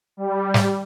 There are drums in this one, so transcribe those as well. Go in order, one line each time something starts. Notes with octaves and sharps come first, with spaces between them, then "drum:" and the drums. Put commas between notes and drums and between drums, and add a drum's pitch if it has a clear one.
G3
drum: snare